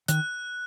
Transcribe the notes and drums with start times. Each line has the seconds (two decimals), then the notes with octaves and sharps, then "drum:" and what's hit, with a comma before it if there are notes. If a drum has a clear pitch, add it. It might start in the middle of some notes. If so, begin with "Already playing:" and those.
0.08 D#3 F#6, drum: hi-hat